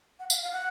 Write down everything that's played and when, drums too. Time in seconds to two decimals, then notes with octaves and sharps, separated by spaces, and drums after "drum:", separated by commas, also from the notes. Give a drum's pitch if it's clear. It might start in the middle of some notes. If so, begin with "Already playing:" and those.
0.19 F#5
0.30 F5, drum: tambourine
0.42 F5
0.53 F#5